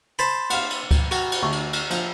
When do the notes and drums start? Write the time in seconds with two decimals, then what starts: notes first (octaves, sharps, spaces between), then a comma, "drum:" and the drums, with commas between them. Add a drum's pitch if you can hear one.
0.19 C5 A5 B5
0.50 F5 F#5, drum: cymbal
0.70 drum: cymbal
0.91 drum: kick D2, cymbal
1.11 F#4, drum: cymbal
1.32 drum: cymbal
1.42 D2 C#6
1.52 drum: cymbal
1.73 drum: cymbal
1.90 F3, drum: cymbal